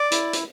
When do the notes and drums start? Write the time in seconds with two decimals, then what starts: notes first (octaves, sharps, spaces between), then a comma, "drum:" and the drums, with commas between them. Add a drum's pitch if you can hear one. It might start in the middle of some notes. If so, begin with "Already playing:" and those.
Already playing: D5 D6
0.12 E4, drum: hi-hat
0.33 drum: hi-hat